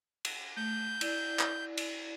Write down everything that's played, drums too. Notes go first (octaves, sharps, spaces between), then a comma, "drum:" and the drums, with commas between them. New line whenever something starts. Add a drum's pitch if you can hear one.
drum: cymbal
A3 G6
E4 D5, drum: cymbal
drum: clap
drum: cymbal